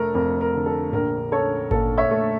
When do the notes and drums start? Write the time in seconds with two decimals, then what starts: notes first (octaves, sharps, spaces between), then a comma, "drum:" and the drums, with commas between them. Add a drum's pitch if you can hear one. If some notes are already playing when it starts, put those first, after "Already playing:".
Already playing: F1 A3 A4 A#4
0.14 F2 A#4
0.41 A#4
0.54 D3
0.66 A4
0.92 A#1 A#4
1.32 C#4 A4 C#5
1.71 A#2 A4, drum: kick G#1
1.98 C#5 E5
2.11 A3